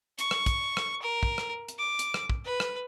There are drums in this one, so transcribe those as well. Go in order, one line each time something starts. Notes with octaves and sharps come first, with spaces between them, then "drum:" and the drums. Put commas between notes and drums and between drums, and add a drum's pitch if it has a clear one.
C#6, drum: hi-hat
drum: rim click
drum: kick, hi-hat
drum: rim click
A#4
drum: kick
drum: rim click
drum: hi-hat
D6
drum: hi-hat
drum: rim click
drum: kick
B4
drum: rim click